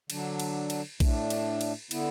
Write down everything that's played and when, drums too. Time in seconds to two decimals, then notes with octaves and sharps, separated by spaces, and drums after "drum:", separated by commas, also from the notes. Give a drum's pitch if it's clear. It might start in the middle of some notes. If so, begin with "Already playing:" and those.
0.10 D3 F#3 D4, drum: cymbal
0.40 drum: cymbal
0.70 drum: cymbal
1.00 A2 A3 D4, drum: kick A#1, cymbal
1.30 drum: cymbal
1.61 drum: cymbal
1.91 D3 B3 E4, drum: cymbal